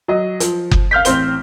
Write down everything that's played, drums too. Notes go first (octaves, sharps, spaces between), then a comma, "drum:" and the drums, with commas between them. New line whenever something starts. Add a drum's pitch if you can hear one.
F#3 D#5
F3, drum: hi-hat
drum: kick F#1
F5 F6 G6 B6
A1 C4 C5 G7, drum: hi-hat